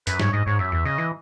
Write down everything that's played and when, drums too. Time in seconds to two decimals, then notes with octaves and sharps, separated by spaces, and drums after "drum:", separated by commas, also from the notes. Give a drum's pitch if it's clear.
0.07 F#2 B4, drum: hi-hat
0.20 G#2 C#5, drum: snare
0.33 G#2 D#5
0.46 G#2 C#5
0.59 F#2 E5
0.72 E2
0.85 C#3 D#5
0.98 E3